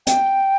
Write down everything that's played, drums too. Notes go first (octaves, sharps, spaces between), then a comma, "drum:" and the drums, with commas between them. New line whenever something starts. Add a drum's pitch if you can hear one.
G5, drum: hi-hat